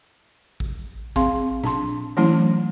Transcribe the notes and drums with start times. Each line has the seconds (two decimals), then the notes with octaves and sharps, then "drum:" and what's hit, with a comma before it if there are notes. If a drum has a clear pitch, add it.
0.60 drum: kick A1
1.16 C4 G#4 F5 C6, drum: kick A1
1.64 D4 A5 C6, drum: tom A#2
2.17 E3 F#3 A3 C#4 E4